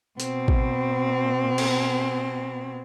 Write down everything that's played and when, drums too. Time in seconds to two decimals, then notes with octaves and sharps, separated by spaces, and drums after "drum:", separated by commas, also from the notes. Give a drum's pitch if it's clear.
0.20 B2 C4, drum: hi-hat
0.48 drum: kick A1
1.58 drum: cymbal